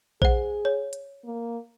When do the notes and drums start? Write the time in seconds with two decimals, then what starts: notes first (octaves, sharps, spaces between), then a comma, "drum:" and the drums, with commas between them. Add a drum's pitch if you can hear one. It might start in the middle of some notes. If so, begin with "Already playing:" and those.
0.22 G#4 C5 F#5, drum: kick A#1
0.65 C#5
0.93 drum: hi-hat
1.25 A#3